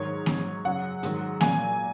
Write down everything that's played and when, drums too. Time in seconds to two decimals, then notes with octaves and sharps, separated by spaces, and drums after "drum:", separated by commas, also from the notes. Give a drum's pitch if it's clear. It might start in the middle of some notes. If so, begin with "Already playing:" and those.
Already playing: G#2 D#3 F#3 C#5
0.26 G#2 F#3, drum: snare A#3
0.64 F#2 C#3 F#3 F#5
1.03 G#2 D#3 F#3, drum: hi-hat
1.41 A#2 F#3 G#5, drum: snare A#3